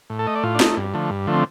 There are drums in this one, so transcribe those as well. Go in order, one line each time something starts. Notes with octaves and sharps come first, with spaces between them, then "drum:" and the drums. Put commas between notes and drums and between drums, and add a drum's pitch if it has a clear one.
A2
A4
A3 D#5
D5
A2 F4
D4
A3 D#4, drum: snare
G2
D3 F3 A3
G2
D3 F3 A3
C4